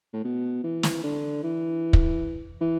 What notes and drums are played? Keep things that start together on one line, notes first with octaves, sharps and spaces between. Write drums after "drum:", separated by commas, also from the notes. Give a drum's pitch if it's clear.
A2
B2
E3
drum: snare
D3
E3
drum: kick
E3